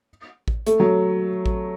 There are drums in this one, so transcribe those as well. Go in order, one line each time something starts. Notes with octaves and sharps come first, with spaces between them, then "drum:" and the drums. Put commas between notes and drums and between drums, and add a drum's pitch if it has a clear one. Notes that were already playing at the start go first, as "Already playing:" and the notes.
drum: kick A1
A3, drum: hi-hat
F#3
drum: kick A1